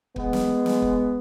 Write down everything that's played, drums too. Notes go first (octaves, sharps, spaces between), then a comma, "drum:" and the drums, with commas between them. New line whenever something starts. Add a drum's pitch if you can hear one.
G#3 B3, drum: kick
drum: snare
drum: snare
drum: kick